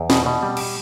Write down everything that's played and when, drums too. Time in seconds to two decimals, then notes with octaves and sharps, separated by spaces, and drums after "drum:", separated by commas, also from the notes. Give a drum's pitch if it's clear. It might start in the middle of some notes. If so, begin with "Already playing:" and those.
Already playing: E2
0.10 B2, drum: snare
0.26 B2
0.43 G3
0.57 drum: cymbal